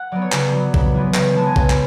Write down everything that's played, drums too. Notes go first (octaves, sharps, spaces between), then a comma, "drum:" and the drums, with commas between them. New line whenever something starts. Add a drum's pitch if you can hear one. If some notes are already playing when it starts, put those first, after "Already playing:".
Already playing: F#5
F#3 B3 D5
C#5
C#3 D5, drum: clap
F#3 B3
C#3, drum: kick A#1
E3 G#3 B3
C#3 E5, drum: clap
E3 G#3 B3 A5
G#5
C#3, drum: kick A#1
drum: clap